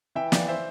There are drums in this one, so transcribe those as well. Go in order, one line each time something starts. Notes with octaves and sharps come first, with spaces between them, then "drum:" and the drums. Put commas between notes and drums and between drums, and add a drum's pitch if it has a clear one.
E3 E5 G5
E3 D5 F5, drum: snare
C5 E5